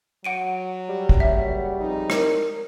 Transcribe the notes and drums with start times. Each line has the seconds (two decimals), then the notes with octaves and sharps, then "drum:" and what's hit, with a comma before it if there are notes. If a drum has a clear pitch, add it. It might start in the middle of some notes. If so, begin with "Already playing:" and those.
0.24 F#3 F#5 D7 D#7
0.89 G3
1.09 drum: kick
1.20 F#1 C#5 E5 F#5
1.81 F2 G#2 F3 D#4
2.10 A#4, drum: rim click